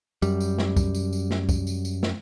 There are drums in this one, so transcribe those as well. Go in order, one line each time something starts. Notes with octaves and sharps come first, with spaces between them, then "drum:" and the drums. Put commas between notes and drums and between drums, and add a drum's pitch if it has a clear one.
F#2 G3, drum: tambourine
drum: tambourine
drum: snare
drum: kick, tambourine
drum: tambourine
drum: tambourine
drum: snare
drum: kick, tambourine
drum: tambourine
drum: tambourine
drum: snare